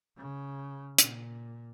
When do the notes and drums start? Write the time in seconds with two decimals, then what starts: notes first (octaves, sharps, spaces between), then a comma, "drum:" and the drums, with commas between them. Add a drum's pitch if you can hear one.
0.17 C#3
0.98 A#2, drum: hi-hat